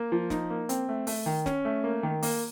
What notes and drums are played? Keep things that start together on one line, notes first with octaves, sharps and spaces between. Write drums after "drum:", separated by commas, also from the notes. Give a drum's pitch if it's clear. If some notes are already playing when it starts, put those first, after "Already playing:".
Already playing: A#3
F3
D#4, drum: snare
A#3
C4, drum: hi-hat
A3
A3, drum: open hi-hat
D#3
C#4, drum: snare
A3
A#3
D#3
A#3, drum: open hi-hat